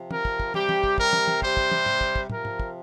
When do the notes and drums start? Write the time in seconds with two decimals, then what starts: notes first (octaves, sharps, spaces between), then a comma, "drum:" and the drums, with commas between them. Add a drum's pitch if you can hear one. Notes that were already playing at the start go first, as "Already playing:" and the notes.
Already playing: C3 F3
0.11 A#4, drum: tom
0.25 drum: kick
0.40 drum: kick
0.54 C3 G3 G4, drum: tom
0.69 drum: tom
0.84 drum: kick
0.98 A#4, drum: kick
1.13 drum: tom
1.28 drum: tom
1.42 C3 G3 C5, drum: kick
1.57 drum: kick
1.72 drum: tom
1.86 drum: tom
2.01 drum: kick
2.16 drum: kick
2.30 C3 F3 A#4, drum: tom
2.45 drum: tom
2.60 drum: kick